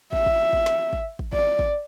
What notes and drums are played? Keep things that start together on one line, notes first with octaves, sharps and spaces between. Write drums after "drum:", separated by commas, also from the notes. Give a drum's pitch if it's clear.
E5, drum: kick
drum: kick
drum: kick
drum: snare
drum: kick
drum: kick
D5, drum: kick
drum: kick